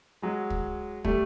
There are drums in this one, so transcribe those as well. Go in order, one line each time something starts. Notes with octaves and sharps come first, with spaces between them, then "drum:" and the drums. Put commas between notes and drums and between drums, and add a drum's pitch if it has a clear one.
F#3 G#3
drum: kick
G3 A3, drum: kick